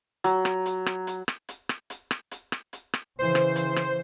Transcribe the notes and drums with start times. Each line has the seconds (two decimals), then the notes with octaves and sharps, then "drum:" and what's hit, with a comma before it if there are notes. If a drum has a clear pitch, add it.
0.24 F#3, drum: hi-hat
0.45 drum: rim click
0.66 drum: hi-hat
0.86 drum: rim click
1.07 drum: hi-hat
1.28 drum: rim click
1.49 drum: hi-hat
1.69 drum: rim click
1.90 drum: hi-hat
2.11 drum: rim click
2.31 drum: hi-hat
2.52 drum: rim click
2.73 drum: hi-hat
2.94 drum: rim click
3.19 C#3 E3 C5
3.35 drum: rim click
3.56 drum: hi-hat
3.76 drum: rim click